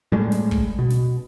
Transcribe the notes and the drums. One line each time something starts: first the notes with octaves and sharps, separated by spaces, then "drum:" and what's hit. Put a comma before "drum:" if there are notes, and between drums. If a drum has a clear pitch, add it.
A2 G3 G#3
drum: snare
drum: kick
B2
drum: snare